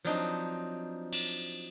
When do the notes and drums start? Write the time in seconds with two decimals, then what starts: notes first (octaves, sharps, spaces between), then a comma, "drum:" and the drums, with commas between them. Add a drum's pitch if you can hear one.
0.05 F3 F#3 C4 D4 D#4
1.13 drum: cymbal